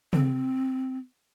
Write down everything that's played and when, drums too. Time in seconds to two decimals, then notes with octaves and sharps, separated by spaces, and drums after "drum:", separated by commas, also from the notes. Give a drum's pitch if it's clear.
0.13 C4, drum: tom C3